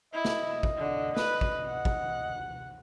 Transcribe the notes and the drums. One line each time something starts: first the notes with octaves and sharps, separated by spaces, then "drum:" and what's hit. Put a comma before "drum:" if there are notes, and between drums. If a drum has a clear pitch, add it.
E4 D#5
drum: snare
drum: kick
D3
B4, drum: snare
drum: kick
F#5
drum: kick